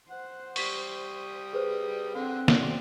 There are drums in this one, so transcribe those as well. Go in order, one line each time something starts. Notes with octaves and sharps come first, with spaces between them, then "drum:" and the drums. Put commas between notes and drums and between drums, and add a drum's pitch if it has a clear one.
C5 F#5
G3 C#6 D#6 B6, drum: open hi-hat
G#4 B4 C5
D3 C4 A4 F#5 C6
F#4 C5 D5, drum: snare